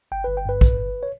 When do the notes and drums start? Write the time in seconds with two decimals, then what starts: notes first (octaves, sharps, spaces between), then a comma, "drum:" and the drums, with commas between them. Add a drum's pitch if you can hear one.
0.12 G1 G5
0.24 G1 B4
0.37 G5
0.45 G2 B4
0.61 G1, drum: kick
0.78 G1
1.03 C#5